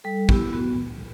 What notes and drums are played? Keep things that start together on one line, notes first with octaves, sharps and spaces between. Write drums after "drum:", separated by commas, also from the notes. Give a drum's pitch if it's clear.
G3 A4
B3 E4 G4, drum: kick
B3 F#4